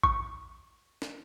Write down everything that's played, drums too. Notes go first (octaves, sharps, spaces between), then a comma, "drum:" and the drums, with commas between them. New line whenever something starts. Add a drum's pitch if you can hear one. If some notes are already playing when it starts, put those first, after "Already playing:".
C#6, drum: kick A1
drum: snare